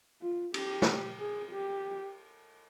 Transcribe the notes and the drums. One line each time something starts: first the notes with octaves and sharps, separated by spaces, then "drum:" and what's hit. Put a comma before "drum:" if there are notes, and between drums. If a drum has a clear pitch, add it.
F4
G4, drum: cymbal
drum: snare
G#4
G4